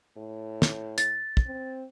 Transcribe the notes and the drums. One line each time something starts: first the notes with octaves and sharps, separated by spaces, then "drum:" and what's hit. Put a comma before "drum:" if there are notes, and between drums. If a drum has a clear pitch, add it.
A2
drum: snare
A6, drum: hi-hat
drum: kick
C4